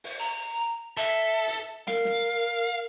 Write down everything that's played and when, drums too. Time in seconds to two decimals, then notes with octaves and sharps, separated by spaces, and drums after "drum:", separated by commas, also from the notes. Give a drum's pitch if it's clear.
0.04 drum: open hi-hat
0.20 A#5
0.97 A4 E5
1.47 drum: hi-hat
1.88 A#4 F5, drum: snare
2.05 drum: snare